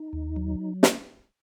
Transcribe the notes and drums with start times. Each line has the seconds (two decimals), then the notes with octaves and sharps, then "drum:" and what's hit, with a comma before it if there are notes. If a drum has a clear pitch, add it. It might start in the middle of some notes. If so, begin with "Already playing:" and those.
Already playing: D#4
0.13 D#2
0.36 F#3
0.83 drum: snare